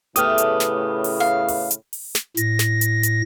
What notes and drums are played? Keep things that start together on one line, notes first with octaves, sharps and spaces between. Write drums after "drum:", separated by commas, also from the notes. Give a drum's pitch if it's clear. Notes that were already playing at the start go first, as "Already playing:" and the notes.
A2 C#3 A3 B3 G4 D#6 F6, drum: hi-hat
drum: hi-hat
drum: snare
drum: open hi-hat
F5
drum: open hi-hat
drum: hi-hat
drum: open hi-hat
drum: snare
A2 A#6, drum: hi-hat
drum: snare
drum: hi-hat
drum: hi-hat